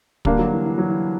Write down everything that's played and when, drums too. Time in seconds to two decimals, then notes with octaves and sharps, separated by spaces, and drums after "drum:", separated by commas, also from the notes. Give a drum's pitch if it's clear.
0.25 D3 G3 A#3 D4, drum: kick
0.39 F#3
0.52 E3
0.66 E3
0.78 F#3
0.90 E3